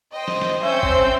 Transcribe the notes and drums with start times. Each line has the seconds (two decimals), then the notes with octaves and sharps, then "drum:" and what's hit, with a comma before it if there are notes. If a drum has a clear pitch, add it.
0.14 C5 D#5 G5
0.28 drum: snare
0.42 drum: snare
0.62 C4 C#4 C5 E5 E6 G6
0.83 drum: kick